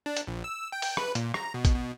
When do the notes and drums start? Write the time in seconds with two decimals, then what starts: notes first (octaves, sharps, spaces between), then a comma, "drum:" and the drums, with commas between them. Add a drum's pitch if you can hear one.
0.06 D4
0.16 drum: hi-hat
0.27 A#1
0.44 E6
0.72 G5
0.82 drum: open hi-hat
0.97 B4, drum: rim click
1.15 A#2, drum: hi-hat
1.34 A#5, drum: rim click
1.54 B2
1.65 drum: kick, hi-hat
1.75 B2